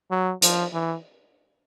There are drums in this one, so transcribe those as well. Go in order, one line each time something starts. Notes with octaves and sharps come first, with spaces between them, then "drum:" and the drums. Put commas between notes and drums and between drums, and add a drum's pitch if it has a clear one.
F#3
F3, drum: hi-hat
E3